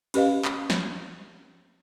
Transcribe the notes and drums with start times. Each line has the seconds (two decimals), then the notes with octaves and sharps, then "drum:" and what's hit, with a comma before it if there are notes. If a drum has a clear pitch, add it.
0.14 C#4 G4 B4 D#5 F5, drum: cymbal
0.45 drum: clap
0.70 drum: snare